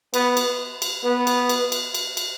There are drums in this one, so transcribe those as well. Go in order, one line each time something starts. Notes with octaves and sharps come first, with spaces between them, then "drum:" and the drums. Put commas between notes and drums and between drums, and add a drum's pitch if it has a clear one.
B3, drum: cymbal
drum: cymbal
drum: cymbal
B3
drum: cymbal
drum: cymbal
drum: cymbal
drum: cymbal
drum: cymbal